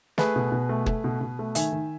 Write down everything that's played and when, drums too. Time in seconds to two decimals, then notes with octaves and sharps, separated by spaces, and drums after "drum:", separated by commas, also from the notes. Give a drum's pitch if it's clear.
0.18 A3 G#4 B4, drum: snare
0.36 B2
0.52 B2
0.69 A3
0.86 A3, drum: kick
1.04 B2
1.21 B2
1.39 A3
1.55 D#3 E5 G#5, drum: hi-hat
1.72 D#3